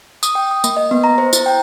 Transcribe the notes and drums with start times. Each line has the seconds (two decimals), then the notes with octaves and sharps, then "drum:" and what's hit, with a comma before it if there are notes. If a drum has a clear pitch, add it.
0.23 D#6, drum: tambourine
0.35 G5
0.51 D#6
0.64 A#3, drum: tambourine
0.77 D#5
0.91 B3
1.04 A#5
1.18 C5
1.33 E4, drum: tambourine
1.46 G5